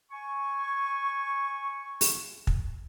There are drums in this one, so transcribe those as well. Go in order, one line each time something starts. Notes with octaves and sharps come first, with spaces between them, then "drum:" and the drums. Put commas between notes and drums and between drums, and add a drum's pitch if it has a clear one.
G#5 C#6
drum: open hi-hat
drum: kick